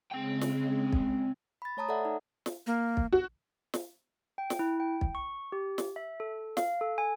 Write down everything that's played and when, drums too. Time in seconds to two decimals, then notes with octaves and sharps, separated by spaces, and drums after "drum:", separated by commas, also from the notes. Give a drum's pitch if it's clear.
0.12 C#3 G#3 C4 G5
0.41 drum: snare
0.93 drum: kick
1.62 B5 A6
1.77 A3 C#5 A5 A#5 D#6
1.89 A4 D5 E5 F#5
2.05 D#4
2.46 drum: snare
2.67 A#3
2.97 drum: kick
3.13 F#4
3.74 drum: snare
4.38 G5
4.50 drum: snare
4.59 E4
4.80 G5
5.01 drum: kick
5.15 C#6
5.52 G4
5.78 drum: snare
5.96 E5
6.20 A4
6.57 F5, drum: snare
6.81 A4
6.98 G#5